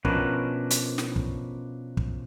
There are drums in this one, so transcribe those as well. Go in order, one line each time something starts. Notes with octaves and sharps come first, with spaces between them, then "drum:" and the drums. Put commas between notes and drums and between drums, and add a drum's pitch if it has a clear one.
B2 F3 C#4 D4 A#4 B4, drum: kick
drum: hi-hat
drum: snare
drum: kick
drum: kick